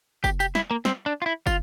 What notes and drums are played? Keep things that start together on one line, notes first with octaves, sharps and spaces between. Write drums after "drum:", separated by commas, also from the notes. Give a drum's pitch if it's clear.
G4, drum: kick, tambourine
G4, drum: tambourine
E4, drum: snare
A#3
C4, drum: snare
D4
F4
E4
F4, drum: kick, tambourine